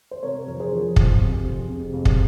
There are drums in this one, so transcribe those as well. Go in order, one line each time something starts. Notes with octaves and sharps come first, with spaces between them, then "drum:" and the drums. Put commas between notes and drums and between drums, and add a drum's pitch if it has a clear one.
C5
C3 A#4 C#5
F2 A#4
G#4 C5
F3
F2, drum: kick
C3
F2
C3
F2
drum: kick